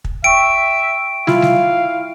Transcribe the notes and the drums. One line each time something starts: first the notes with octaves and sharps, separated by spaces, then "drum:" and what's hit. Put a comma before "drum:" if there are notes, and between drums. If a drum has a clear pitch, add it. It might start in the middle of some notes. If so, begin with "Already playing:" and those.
drum: kick
E5 G5 C#6 D7
E4 F4 F5, drum: snare
drum: snare